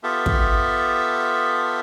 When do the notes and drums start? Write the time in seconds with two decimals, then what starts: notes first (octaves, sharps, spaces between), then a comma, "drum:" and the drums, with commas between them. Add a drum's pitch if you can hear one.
0.03 B3 F4 G4 A4 E5
0.26 drum: kick